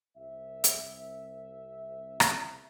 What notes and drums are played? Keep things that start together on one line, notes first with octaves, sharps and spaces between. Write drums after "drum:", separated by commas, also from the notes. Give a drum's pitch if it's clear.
C2 E5
drum: hi-hat
drum: rim click